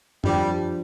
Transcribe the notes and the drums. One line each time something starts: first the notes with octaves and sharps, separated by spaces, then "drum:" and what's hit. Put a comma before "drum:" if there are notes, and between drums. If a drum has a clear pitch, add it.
F2 F3 G3 D4, drum: tom F#2